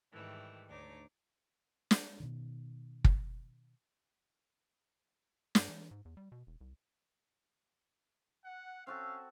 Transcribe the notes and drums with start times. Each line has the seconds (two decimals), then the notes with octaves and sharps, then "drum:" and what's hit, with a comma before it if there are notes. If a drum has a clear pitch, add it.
0.13 G#2 D#3 E3 G3 A3
0.69 D2 D4 D#4 C#5 D6
1.91 drum: snare
2.20 B2 D#3
3.04 drum: kick
5.55 G2, drum: snare
5.69 E3
5.91 G#2
6.05 E2
6.17 G3
6.32 B2
6.47 E1
6.61 C2
8.45 F#5
8.87 C4 C#4 F#4 A4 F5